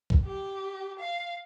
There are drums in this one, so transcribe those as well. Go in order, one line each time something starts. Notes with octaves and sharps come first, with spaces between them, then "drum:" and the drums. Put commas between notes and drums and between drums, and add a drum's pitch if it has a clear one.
drum: kick
G4
F5